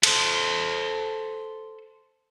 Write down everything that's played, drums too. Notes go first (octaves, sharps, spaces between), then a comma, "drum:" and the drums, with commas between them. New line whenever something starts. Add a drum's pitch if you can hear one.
A4 C5, drum: cymbal